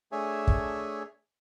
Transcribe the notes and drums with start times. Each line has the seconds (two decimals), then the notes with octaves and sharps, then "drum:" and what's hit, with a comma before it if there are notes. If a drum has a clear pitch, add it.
0.12 A3 D4 G#4 C#5 E5 G#5
0.47 drum: kick